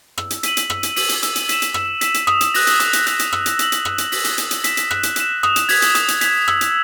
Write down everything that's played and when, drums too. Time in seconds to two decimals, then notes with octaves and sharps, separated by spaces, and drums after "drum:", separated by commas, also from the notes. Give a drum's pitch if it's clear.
0.18 E6, drum: rim click
0.30 drum: hi-hat
0.43 B6 D#7 F#7, drum: hi-hat
0.57 drum: hi-hat
0.70 E6, drum: rim click
0.83 drum: hi-hat
0.96 B6 D#7 F#7, drum: open hi-hat
1.09 drum: hi-hat
1.23 E6, drum: hi-hat
1.36 drum: hi-hat
1.49 B6 E7, drum: hi-hat
1.62 drum: hi-hat
1.74 E6, drum: rim click
2.01 B6 E7, drum: hi-hat
2.14 drum: hi-hat
2.27 D#6, drum: rim click
2.41 drum: hi-hat
2.54 F#6 A#6, drum: open hi-hat
2.67 drum: hi-hat
2.80 D#6, drum: hi-hat
2.93 drum: hi-hat
3.07 F#6 A#6, drum: hi-hat
3.19 drum: hi-hat
3.33 E6, drum: rim click
3.46 drum: hi-hat
3.59 B6 F#7, drum: hi-hat
3.72 drum: hi-hat
3.85 E6, drum: rim click
3.98 drum: hi-hat
4.12 B6 F#7, drum: open hi-hat
4.24 drum: hi-hat
4.38 F#6, drum: hi-hat
4.51 drum: hi-hat
4.64 B6 E7, drum: hi-hat
4.77 drum: hi-hat
4.91 F#6, drum: rim click
5.03 drum: hi-hat
5.16 B6 E7, drum: hi-hat
5.43 D#6, drum: rim click
5.56 drum: hi-hat
5.69 G#6 B6, drum: open hi-hat
5.82 drum: hi-hat
5.95 D#6, drum: hi-hat
6.08 drum: hi-hat
6.21 G#6 B6, drum: hi-hat
6.48 E6, drum: rim click
6.61 drum: hi-hat